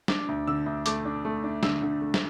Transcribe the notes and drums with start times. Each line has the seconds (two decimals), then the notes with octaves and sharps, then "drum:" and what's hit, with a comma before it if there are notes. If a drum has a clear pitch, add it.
0.08 D4 D6, drum: snare
0.28 D2
0.47 D3 E6
0.66 D2
0.86 A3 D6, drum: hi-hat
1.05 D4
1.25 A3
1.44 D4
1.63 D3 E6, drum: snare
1.82 D3
2.01 A3
2.14 drum: snare